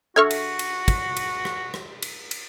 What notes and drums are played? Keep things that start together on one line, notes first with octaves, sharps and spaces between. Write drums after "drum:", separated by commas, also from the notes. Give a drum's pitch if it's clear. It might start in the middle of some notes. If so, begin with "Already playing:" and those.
D3 F#4 A4 E5 C#6 F6 G#6
drum: cymbal
drum: cymbal
drum: kick, cymbal
drum: cymbal
drum: rim click
drum: rim click
drum: cymbal
drum: cymbal